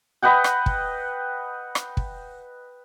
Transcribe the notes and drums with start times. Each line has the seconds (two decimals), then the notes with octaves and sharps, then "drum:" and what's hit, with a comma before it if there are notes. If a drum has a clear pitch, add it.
0.22 B4 D#5 F#5 G5
0.44 drum: rim click
0.66 drum: kick
1.75 drum: rim click
1.97 drum: kick